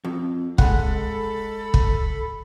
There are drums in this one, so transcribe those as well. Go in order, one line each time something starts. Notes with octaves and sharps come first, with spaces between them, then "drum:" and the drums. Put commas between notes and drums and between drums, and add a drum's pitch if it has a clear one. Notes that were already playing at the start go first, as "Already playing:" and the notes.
F2
G#3 A4 F#5 B5, drum: kick
drum: kick